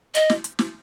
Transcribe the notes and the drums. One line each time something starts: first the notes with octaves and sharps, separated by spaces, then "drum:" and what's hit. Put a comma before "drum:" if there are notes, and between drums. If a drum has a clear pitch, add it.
D#5, drum: hi-hat
drum: snare
drum: hi-hat
drum: snare